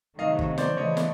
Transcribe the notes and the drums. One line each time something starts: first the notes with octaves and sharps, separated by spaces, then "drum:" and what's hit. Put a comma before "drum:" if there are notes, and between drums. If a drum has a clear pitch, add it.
C3 D#3 F#3 A3 D#5 F5
drum: kick
C5 D5, drum: snare
C#3 E3 A3 C#5 D#5
drum: snare